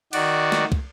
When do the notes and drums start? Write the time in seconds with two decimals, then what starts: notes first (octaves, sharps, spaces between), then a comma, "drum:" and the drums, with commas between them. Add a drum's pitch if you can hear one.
0.13 D#3 F#4 D5, drum: cymbal
0.52 drum: snare
0.72 drum: kick